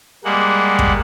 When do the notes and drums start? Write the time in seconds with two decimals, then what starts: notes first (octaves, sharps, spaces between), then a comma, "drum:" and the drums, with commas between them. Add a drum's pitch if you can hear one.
0.24 G3 G#3 A#3 F#5
0.79 drum: kick